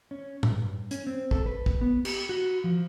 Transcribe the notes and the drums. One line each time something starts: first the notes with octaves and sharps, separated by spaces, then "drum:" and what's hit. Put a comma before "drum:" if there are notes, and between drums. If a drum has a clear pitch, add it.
C#4
G2, drum: tom A2
C#4, drum: hi-hat
C4
A4, drum: kick
B4
drum: kick
B3
G4, drum: cymbal
F#4
F3